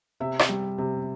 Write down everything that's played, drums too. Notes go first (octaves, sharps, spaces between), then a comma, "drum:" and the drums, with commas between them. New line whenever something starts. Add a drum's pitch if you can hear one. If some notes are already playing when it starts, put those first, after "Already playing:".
C3 E5
drum: rim click
G3
C3